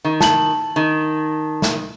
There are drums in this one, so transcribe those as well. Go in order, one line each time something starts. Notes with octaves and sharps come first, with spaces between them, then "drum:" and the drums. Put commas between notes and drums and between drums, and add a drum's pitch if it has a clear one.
D#3
A5 F#7, drum: snare
D#3
drum: snare